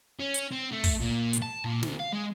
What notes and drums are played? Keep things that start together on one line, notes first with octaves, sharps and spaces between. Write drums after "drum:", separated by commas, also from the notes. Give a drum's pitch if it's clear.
C#4
drum: hi-hat
C4
A3
drum: kick, open hi-hat
A#2
drum: hi-hat
A5
A#2
D2, drum: snare
F5
G#3